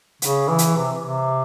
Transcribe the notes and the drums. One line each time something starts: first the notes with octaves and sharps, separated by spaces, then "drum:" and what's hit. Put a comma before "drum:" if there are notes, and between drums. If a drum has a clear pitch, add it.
C#3, drum: hi-hat
E3
drum: hi-hat
C3
C3